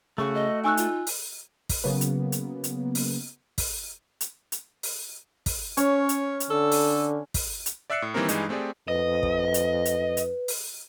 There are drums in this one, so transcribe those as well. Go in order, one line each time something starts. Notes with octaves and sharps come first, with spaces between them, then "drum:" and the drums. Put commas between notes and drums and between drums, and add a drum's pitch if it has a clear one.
C#3 A3 F#4 C#6
D#5
D#4 G#5 C#6 E6 F#6
F4, drum: hi-hat
drum: open hi-hat
drum: kick, open hi-hat
C#3 F#3 A#3 B3
drum: hi-hat
drum: hi-hat
drum: hi-hat
drum: open hi-hat
drum: kick, open hi-hat
drum: hi-hat
drum: hi-hat
drum: open hi-hat
drum: kick, open hi-hat
C#4 C#5, drum: hi-hat
drum: hi-hat
drum: hi-hat
D3 A4
drum: open hi-hat
drum: kick, open hi-hat
drum: hi-hat
D5 E5 E6 F#6 C7 C#7
A2
D#3 E3 G3 A#3 C4 A#4
G2 E3 G#3 D#4, drum: hi-hat
A3 C4 G4 G#4 D5
F2 B4 D#5
drum: kick
drum: hi-hat
drum: hi-hat
drum: hi-hat
drum: open hi-hat